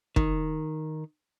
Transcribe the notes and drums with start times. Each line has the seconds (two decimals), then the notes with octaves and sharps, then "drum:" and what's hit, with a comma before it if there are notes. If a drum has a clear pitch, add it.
0.16 D#3, drum: kick